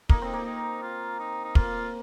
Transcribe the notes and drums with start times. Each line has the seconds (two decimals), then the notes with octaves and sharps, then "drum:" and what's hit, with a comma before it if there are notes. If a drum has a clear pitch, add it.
0.09 A#3 D#4, drum: kick
0.22 C4 D#4
0.33 A#3
0.45 D#4
0.82 F4
1.19 D#4
1.44 D#4
1.55 A#3 F4, drum: kick